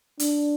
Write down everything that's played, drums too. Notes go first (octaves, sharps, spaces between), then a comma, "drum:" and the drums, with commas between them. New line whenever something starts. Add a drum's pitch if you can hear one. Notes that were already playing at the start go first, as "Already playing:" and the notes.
D4, drum: hi-hat